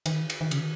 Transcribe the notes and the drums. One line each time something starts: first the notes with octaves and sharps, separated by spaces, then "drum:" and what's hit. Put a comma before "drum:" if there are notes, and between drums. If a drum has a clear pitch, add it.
D#3, drum: cymbal
drum: cymbal
D#3
C#3, drum: cymbal
D#3